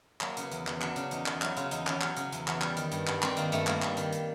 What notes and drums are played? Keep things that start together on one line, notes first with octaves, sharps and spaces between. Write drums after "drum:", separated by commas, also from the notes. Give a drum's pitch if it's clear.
F#3 A#3, drum: clap
C#3 B3, drum: hi-hat
E2, drum: hi-hat
E2, drum: clap
F#3 D4, drum: clap
C#3, drum: hi-hat
E2 D#4, drum: hi-hat
E2, drum: clap
F#3 E4, drum: clap
C#3 F4, drum: hi-hat
E2 D#4, drum: hi-hat
E2 C#4, drum: clap
F#3, drum: clap
C#3, drum: hi-hat
E2, drum: hi-hat
E2, drum: clap
G3, drum: clap
D#3, drum: hi-hat
G2, drum: hi-hat
G2, drum: clap
G3 C4, drum: clap
D#3 A#3, drum: hi-hat
G2 A3, drum: hi-hat
G2 A#3, drum: clap
G3, drum: clap
D#3, drum: hi-hat
drum: hi-hat